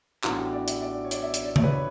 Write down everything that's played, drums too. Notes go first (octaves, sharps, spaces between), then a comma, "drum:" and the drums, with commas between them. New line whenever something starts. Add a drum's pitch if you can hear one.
A1 A2 E3 B3 D4 F#4, drum: clap
G4
D5
E5, drum: hi-hat
D5
C#5
D5, drum: hi-hat
E5
D5, drum: hi-hat
D5
C#5, drum: tom C#3
B4
C#5